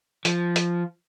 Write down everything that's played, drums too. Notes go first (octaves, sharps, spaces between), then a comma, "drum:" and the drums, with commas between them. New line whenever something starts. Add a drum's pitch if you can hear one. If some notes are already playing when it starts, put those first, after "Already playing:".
F3, drum: hi-hat
drum: hi-hat